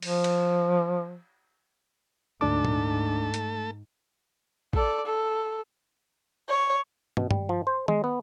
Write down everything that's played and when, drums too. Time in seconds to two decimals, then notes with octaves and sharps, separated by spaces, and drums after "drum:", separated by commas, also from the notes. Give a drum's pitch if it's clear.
0.02 F3, drum: open hi-hat
0.24 drum: cymbal
2.41 D2 G#2 A3 D4 A4 A5 D6
2.65 drum: tom A#2
3.34 drum: hi-hat
4.73 A4 D5, drum: kick A1
5.05 A4
6.49 C#5
7.17 B2, drum: tom
7.31 G3, drum: tom G2
7.49 F3
7.67 C5
7.88 G#3, drum: tom D#3
8.04 B3